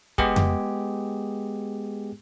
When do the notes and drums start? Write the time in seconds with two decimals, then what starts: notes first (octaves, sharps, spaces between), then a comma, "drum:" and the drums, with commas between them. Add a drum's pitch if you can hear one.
0.18 G#3 B3 G4 G#4, drum: kick
0.36 drum: tom F2